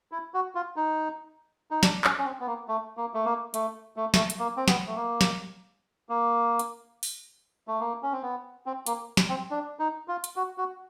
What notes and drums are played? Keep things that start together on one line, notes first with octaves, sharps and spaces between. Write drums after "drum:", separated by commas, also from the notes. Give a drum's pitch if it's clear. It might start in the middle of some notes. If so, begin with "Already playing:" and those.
E4
F#4
F4
D#4
D#4
D4, drum: snare
C#4, drum: clap
C#4
C4
B3
A#3
A3
A#3
A3
A#3
A3, drum: hi-hat
A3
A3, drum: snare
drum: hi-hat
A#3
C4
B3, drum: snare
A3
A#3
drum: snare
A#3
drum: hi-hat
drum: open hi-hat
A3
A#3
C#4
C4
B3
C4
A#3, drum: hi-hat
drum: snare
C4
D4
D#4
F4
drum: hi-hat
F#4
F#4